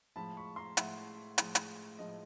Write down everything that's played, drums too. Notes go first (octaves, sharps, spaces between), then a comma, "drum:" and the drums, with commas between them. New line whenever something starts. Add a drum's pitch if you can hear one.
A2 F3 G#3 A5 B5
B5 C#6
A#5 C6
A2 F3 G#3 E5 F#5, drum: hi-hat
A2 F3 G#3, drum: hi-hat
drum: hi-hat
A2 F3 G#3 D#5